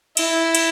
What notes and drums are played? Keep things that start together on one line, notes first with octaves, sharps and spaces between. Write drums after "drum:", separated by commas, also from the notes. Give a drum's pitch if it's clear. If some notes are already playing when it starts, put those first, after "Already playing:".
E4, drum: cymbal
drum: cymbal